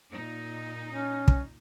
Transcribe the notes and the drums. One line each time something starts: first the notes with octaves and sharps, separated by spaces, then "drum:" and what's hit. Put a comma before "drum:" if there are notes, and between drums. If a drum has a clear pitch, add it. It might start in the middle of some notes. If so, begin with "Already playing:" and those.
A#2 D#4
C#4
drum: kick